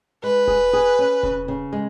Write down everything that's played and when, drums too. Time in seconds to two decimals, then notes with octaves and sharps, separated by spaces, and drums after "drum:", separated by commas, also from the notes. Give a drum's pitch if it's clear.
0.23 G#3 B4
0.47 G#4, drum: kick E1
0.73 G#4
0.99 C#4
1.23 C#3, drum: kick E1
1.48 C#3
1.73 G#3